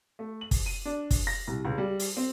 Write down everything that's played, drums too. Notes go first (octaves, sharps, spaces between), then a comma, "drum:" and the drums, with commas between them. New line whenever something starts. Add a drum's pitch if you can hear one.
A3
F#7
drum: kick, open hi-hat
D#7
D4
drum: kick, open hi-hat
A#6
C2
C#2
G3
drum: open hi-hat
C4